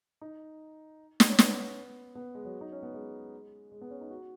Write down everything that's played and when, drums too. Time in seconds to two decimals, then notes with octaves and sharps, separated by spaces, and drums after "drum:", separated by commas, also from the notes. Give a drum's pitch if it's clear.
0.21 D#4
1.20 drum: snare
1.30 C#4
1.39 B3, drum: snare
2.15 B3
2.35 G#3
2.45 F#3
2.61 D#4
2.72 C#4
2.83 B3
2.94 G#3
3.72 G#3
3.81 B3
3.91 C#4
4.01 D#4
4.11 F#4